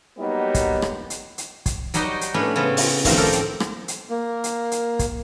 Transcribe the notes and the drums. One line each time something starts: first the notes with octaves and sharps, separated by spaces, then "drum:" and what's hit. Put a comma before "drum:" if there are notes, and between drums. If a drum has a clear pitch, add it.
F#3 G3 A#3 B3 D#4
drum: kick, hi-hat
drum: rim click
drum: hi-hat
drum: hi-hat
drum: kick, hi-hat
F#3 G3 D#4 F#4 G4 D#5, drum: hi-hat
drum: hi-hat
A2 B3 C#4 D4 B5
C#3 B3 C4
drum: open hi-hat
A2 D#3 F3 C4, drum: kick, open hi-hat
A4 A#4 D5
drum: hi-hat
drum: rim click
drum: hi-hat
A#3
drum: hi-hat
drum: hi-hat
drum: kick, hi-hat